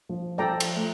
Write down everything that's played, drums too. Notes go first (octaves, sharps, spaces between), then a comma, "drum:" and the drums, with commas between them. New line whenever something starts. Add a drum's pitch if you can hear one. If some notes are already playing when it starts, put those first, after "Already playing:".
F3
F3 A4 D5 G5 A#5
drum: cymbal
A3